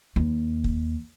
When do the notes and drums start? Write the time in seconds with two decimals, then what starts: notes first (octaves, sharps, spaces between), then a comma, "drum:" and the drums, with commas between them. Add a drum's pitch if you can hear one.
0.16 D#2
0.64 drum: kick